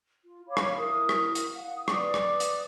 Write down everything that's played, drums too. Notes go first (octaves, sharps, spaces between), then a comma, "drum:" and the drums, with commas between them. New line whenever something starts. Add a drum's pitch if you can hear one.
F4
C#5 F5 B5 D6
drum: rim click
E4 A#4 D#6
drum: rim click
drum: hi-hat
F5 F#5
D#6
B4 D5 D6 D#6, drum: rim click
drum: rim click
drum: hi-hat